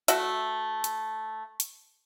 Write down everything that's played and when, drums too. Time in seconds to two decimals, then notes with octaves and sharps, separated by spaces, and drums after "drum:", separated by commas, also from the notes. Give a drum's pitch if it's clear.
0.08 A3 F#4 E5, drum: hi-hat
0.84 drum: hi-hat
1.60 drum: hi-hat